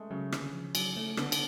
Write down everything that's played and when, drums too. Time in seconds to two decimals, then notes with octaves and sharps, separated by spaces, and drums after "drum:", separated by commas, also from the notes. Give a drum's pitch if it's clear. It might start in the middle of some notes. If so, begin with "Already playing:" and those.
Already playing: G#3 A3
0.10 C#3 F#3
0.32 D3, drum: rim click
0.53 F3
0.75 F#3, drum: cymbal
0.97 A3
1.17 D3 B3, drum: rim click
1.32 drum: cymbal